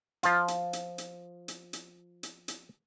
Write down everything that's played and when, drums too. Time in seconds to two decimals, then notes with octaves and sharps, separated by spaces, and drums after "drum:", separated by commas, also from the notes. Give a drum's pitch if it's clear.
0.23 F3 F4, drum: hi-hat
0.48 drum: hi-hat
0.73 drum: hi-hat
0.98 drum: hi-hat
1.48 drum: hi-hat
1.73 drum: hi-hat
2.23 drum: hi-hat
2.48 drum: hi-hat